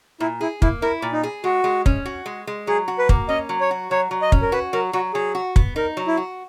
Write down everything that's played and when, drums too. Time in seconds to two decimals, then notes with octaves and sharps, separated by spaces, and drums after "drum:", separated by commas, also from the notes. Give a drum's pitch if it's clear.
0.20 A#2 E4
0.41 E4 G#4
0.62 A#3 E4, drum: kick
0.82 E4 A#4
1.02 A#2
1.12 D#4
1.23 G#4
1.44 G#3 F#4
1.64 G#3
1.86 C#4, drum: kick
2.06 F#4
2.26 G#3
2.47 G#3
2.67 F#3 G#4
2.88 F#4
2.99 B4
3.09 A#3, drum: kick
3.29 C#4 D#5
3.49 F#3
3.61 C#5
3.71 F#4
3.91 F#3 C#5
4.11 F#3
4.22 D#5
4.32 C#4, drum: kick
4.42 A#4
4.52 F#4 B4
4.73 F#3 A#4
4.93 F#3 F#4
5.14 F#3 G#4
5.35 F#4
5.56 B3, drum: kick
5.76 D#4 A#4
5.97 F#3
6.07 E4
6.17 F#4